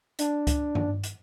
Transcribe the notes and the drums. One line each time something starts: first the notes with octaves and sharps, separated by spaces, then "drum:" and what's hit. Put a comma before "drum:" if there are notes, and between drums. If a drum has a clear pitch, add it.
D4, drum: hi-hat
drum: kick C#2, hi-hat
drum: tom G2
drum: hi-hat